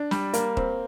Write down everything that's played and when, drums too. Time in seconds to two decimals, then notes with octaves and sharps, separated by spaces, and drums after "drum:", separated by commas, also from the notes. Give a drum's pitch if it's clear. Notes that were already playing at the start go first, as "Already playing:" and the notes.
Already playing: D4
0.11 G3, drum: snare
0.34 A#3, drum: hi-hat
0.57 C4, drum: kick